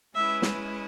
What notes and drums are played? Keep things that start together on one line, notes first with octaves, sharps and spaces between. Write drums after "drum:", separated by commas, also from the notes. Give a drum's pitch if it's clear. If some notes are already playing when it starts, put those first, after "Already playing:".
G#3 C#4 E4 B4 D#5 E5
drum: snare